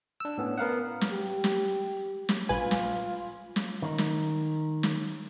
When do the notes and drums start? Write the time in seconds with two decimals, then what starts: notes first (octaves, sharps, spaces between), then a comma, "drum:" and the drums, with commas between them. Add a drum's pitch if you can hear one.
0.20 D4 E6
0.38 A2 B3 C#4
0.58 B3 A#4 F5 F#5
1.01 drum: snare
1.11 G4
1.44 drum: snare
2.29 drum: snare
2.49 A#1 F4 B4 G#5
2.71 drum: snare
3.56 drum: snare
3.82 D#3
3.98 drum: snare
4.83 drum: snare